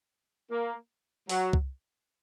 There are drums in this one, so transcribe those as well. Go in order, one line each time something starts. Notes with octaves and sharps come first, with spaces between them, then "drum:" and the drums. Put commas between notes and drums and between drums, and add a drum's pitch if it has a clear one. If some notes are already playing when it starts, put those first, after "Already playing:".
A#3
F#3, drum: open hi-hat
drum: kick C2